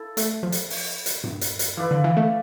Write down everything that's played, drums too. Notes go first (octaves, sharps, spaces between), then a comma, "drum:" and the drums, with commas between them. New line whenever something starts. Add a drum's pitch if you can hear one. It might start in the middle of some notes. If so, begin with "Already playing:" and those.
Already playing: E4 A4
A3, drum: hi-hat
F3
drum: hi-hat
drum: open hi-hat
drum: hi-hat
drum: tom G2
drum: hi-hat
drum: hi-hat
E3 E4 B4 D5 F5
D3
E3
A3